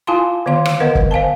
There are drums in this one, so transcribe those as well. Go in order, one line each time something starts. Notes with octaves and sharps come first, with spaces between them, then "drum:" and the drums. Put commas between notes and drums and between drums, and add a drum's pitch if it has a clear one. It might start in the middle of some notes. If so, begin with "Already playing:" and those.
E4 F4 F5 G#5 A5 C6
D3 D#3 B3 C#5 F5 C6
drum: rim click
D3 B3 A#4 B4 D#5 F#5
drum: kick
C5 F5 G#5 A5